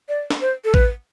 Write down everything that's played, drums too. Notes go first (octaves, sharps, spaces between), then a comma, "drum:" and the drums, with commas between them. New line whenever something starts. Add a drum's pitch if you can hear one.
D5
drum: snare
C5
A4
B4, drum: kick